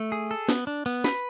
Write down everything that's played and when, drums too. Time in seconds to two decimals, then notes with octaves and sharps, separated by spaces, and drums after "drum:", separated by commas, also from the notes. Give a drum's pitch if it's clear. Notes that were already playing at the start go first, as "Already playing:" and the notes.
Already playing: A3
0.12 G#4
0.31 A4
0.49 B3, drum: snare
0.67 D4
0.86 B3, drum: open hi-hat
1.04 B4, drum: snare